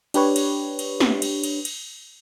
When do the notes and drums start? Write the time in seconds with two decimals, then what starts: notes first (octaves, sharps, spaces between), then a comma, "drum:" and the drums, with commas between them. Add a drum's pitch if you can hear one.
0.14 D4 G4 B4 C#5, drum: cymbal
0.36 drum: cymbal
0.79 drum: cymbal
1.00 drum: snare
1.22 drum: cymbal
1.44 drum: cymbal
1.65 drum: cymbal